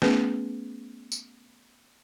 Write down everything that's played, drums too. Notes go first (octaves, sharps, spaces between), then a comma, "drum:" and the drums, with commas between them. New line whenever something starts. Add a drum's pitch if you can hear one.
A3 B3 C#4 G#4 B4, drum: snare
drum: tambourine